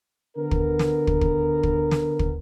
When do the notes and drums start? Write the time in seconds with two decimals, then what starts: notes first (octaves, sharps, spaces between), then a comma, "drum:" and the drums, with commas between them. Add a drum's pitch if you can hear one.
0.37 D3 B3 A#4
0.51 drum: kick
0.79 drum: snare
1.07 drum: kick
1.21 drum: kick
1.63 drum: kick
1.91 drum: snare
2.19 drum: kick